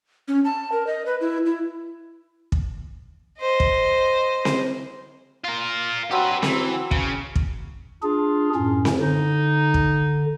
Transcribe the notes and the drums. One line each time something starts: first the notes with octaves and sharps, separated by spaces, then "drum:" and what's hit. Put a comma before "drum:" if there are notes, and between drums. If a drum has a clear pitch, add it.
C#4
A5
A#4
D#5
B4
E4
E4
drum: kick
C5 D#5
drum: kick
drum: snare C4
F4 A#4
F#3 C4 G4 B4 F#5
E3, drum: snare C4
C#3, drum: kick
drum: kick
D4 F4 G#4
F#2 A2 C#4
drum: snare C4
D3 D#4
drum: kick